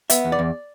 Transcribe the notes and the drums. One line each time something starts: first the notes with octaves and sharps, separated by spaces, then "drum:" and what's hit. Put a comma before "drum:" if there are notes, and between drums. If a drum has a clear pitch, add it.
B3 E5, drum: hi-hat
E2
D5
E2